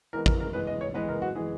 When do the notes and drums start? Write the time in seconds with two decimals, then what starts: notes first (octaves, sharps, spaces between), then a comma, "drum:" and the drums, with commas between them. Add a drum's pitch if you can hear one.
0.13 E3 G#3 B3 A#4
0.26 A#4, drum: kick
0.40 A#4
0.53 E3 G#3 B3 B4
0.67 D#5
0.81 C#5
0.94 E3 G#3 B3 B4
1.08 A#4
1.22 F#4
1.35 E3 G#3 B3 G#4